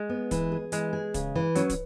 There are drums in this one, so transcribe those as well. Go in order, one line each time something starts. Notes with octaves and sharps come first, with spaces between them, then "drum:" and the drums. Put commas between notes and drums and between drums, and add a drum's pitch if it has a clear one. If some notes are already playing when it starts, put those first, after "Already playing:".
Already playing: G#3
B3
E3, drum: kick, hi-hat
G#4
E3 G#3, drum: hi-hat
G#4
C#3, drum: kick, hi-hat
E3
F#3 C#4, drum: hi-hat
drum: kick, hi-hat